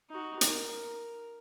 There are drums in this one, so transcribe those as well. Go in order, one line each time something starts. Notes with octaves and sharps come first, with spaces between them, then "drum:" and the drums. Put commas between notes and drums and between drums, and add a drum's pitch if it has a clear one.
D#4 F#4
A#4, drum: hi-hat